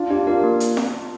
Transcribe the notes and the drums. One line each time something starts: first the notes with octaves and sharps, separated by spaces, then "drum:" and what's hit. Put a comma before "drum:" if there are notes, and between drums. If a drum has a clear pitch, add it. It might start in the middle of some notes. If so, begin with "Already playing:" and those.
Already playing: D4 F4
D4 F4 G4
D4 F4 A#4
A#3
drum: hi-hat
drum: snare F4